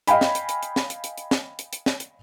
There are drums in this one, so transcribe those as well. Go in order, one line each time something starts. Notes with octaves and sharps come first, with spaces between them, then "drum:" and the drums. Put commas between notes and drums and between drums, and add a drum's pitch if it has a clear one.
D#5 F5 G5 G#5 B5, drum: hi-hat
drum: snare
drum: hi-hat
drum: hi-hat
drum: hi-hat
drum: snare
drum: hi-hat
drum: hi-hat
drum: hi-hat
drum: snare
drum: hi-hat
drum: hi-hat
drum: snare
drum: hi-hat